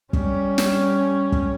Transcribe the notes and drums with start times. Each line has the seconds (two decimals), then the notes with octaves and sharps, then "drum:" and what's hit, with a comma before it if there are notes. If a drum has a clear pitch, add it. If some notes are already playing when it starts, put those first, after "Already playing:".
0.13 G3 C#4, drum: kick
0.58 drum: snare
1.32 drum: kick